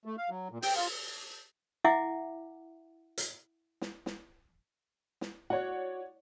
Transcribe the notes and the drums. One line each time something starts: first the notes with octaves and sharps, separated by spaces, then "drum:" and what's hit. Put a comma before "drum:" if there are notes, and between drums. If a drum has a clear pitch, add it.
A3
F5
F#3
A#2
G5, drum: open hi-hat
F4
E4 E5 F#5 G#5 D6
drum: hi-hat
drum: snare
drum: snare
drum: snare
F#4 C#5 D5 F#5